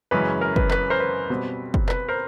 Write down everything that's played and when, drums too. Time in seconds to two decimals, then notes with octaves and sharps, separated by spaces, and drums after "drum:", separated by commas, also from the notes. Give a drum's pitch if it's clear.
0.11 F#2 C#3 E3 G#3 C#4 B4
0.41 A#4
0.56 B4, drum: kick
0.71 B4, drum: clap
0.90 A#4 C5
1.00 B4
1.30 B2 G3 C4
1.74 drum: kick
1.89 B4, drum: clap
2.09 A#4 C5